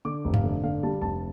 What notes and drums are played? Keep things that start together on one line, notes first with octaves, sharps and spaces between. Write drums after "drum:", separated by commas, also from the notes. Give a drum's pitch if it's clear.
D3 D6
F1
F5, drum: tom G2
D3
D3 F5
G3 A5
F1 A5